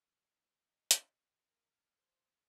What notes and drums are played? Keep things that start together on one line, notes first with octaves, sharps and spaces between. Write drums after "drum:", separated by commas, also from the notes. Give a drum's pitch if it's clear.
D#4
drum: hi-hat
A#4
C5